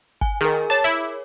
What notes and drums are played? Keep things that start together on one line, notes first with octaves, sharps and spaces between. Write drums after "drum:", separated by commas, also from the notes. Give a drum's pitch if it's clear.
G#5, drum: kick G#1
D#3 G#4 A#4
C#5 A5 D6
E4